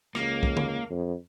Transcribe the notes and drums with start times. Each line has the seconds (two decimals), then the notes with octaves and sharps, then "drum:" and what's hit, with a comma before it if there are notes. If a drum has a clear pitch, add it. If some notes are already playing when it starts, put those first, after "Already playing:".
0.15 C#2 A#3, drum: rim click
0.43 drum: kick
0.57 drum: tom D3
0.90 F2